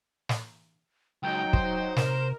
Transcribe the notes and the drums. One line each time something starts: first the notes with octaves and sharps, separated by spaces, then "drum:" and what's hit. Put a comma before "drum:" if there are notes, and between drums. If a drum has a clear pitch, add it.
drum: snare
C#2 F#3 D#4 G5
C5, drum: kick
C3 A#4 E7, drum: snare